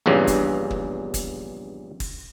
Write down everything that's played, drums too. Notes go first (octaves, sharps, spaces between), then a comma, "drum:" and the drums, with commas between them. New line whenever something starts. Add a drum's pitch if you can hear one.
A#1 E2 G2 C#3
drum: kick, hi-hat
drum: kick
drum: kick, hi-hat
drum: kick, open hi-hat